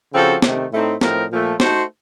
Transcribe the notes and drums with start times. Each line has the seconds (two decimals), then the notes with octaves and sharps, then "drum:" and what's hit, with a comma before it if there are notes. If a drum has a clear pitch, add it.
0.13 C#3 F3 C4 F#4 A4
0.42 C3 D#3 A3, drum: snare
0.72 A2 A3 C4 D#4
1.01 A2 F3 C4 D#4 A#4, drum: snare
1.30 A#2 F3 A3
1.60 A3 D#4 F#4 C5, drum: snare